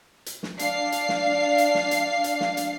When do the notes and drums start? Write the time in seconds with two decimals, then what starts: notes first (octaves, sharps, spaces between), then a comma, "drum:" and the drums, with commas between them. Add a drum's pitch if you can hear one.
0.26 drum: hi-hat
0.43 drum: snare
0.59 D4 F5 C7, drum: hi-hat
0.92 drum: hi-hat
1.09 drum: snare
1.58 drum: hi-hat
1.75 drum: snare
1.91 drum: hi-hat
2.24 drum: hi-hat
2.41 drum: snare
2.57 drum: hi-hat